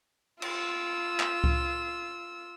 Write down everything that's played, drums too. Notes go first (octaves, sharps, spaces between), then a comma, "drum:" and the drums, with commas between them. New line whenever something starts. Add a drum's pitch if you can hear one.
F4 E6, drum: cymbal
drum: clap
drum: kick C#2